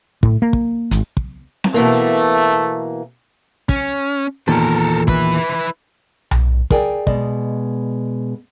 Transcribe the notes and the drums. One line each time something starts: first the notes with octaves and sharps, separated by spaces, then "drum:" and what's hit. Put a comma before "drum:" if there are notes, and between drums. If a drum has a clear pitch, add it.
A2, drum: kick
A#3
drum: kick
G#1, drum: hi-hat
drum: kick
drum: snare C4
B2 E3 A3 A#3
C#4, drum: kick
E2 A#2 D#3 A4 A#4
E4 B4, drum: kick
drum: tom B1
G#4 A#4 D5 G5 G#5, drum: kick
B2 G#3 D5 D#5, drum: kick